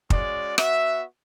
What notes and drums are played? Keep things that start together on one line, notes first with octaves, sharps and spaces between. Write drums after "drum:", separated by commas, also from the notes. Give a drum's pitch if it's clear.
G#3 C#4 F#4 D5, drum: kick
B3 F#4 E5, drum: rim click